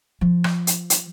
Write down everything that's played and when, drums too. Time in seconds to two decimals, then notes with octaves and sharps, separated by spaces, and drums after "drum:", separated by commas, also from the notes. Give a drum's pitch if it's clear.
0.21 F3
0.44 drum: rim click
0.67 drum: hi-hat
0.90 drum: hi-hat